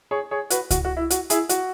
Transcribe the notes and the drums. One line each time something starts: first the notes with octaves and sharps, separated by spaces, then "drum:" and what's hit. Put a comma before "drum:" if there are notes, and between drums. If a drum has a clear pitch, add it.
G#4 C#5
G#4 C#5
F#4 B4, drum: hi-hat
F#4, drum: kick C#2, hi-hat
F#4
E4
F#4, drum: hi-hat
E4 G#4, drum: hi-hat
F#4, drum: hi-hat